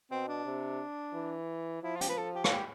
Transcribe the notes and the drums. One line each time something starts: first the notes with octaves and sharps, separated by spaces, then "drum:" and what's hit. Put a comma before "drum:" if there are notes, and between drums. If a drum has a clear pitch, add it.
B2 C4
D4
C3
E3
F3 E4
F4
G4, drum: hi-hat
B4
A4
G4
A4, drum: rim click
G4